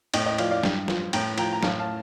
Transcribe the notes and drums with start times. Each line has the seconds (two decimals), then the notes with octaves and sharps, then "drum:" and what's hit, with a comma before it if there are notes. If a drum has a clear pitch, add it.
0.14 A2 D#5 G5, drum: cymbal
0.26 D#5 G5
0.38 F3 D5 F5, drum: cymbal
0.51 D5 F5
0.63 G2, drum: snare
0.88 F3, drum: snare
1.13 A2 G5 A#5, drum: cymbal
1.38 F3 G5 A#5, drum: cymbal
1.53 A#5
1.63 A2 F5 A5, drum: snare
1.79 F5 A5